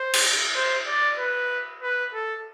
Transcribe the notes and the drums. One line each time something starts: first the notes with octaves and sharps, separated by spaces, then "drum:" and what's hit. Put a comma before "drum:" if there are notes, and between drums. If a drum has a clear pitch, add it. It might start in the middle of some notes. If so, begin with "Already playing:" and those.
Already playing: C5
drum: cymbal
C5
D5
B4
B4
A4